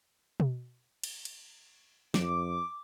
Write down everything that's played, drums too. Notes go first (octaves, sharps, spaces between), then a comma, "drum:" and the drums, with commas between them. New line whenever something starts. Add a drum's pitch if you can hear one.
drum: tom B2
drum: cymbal
drum: cymbal
F2 D6, drum: snare